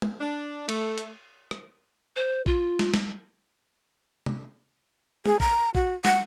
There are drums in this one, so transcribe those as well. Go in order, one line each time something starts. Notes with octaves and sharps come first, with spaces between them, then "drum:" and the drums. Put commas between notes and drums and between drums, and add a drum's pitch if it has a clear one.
drum: tom
D4
A3, drum: cymbal
drum: hi-hat
drum: rim click
C5
F4, drum: kick A#1
drum: snare
drum: snare
drum: tom
G#4, drum: tom
A#5, drum: kick A#1
F#4, drum: kick A#1
F#5, drum: snare